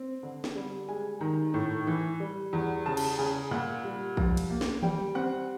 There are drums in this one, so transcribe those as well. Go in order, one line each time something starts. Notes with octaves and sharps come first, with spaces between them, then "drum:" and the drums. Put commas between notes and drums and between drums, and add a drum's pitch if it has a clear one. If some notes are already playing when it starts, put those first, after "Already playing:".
Already playing: C4
D3
drum: snare
G3
G#3 G#5
D#3 A#5
A2
E3
G3
E2
C#3 A5
drum: cymbal
C#3 G#5
A#2 F#5
G3
F3, drum: kick
drum: cymbal
A#3
drum: snare
G3 G5, drum: tom D#3
C4 F#5